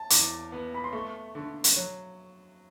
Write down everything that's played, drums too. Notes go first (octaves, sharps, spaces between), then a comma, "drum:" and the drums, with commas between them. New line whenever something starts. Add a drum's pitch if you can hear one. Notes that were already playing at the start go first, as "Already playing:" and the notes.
Already playing: A5
E2 D6, drum: hi-hat
B3
B5
C6
A3 C#6
D3
drum: hi-hat
F#3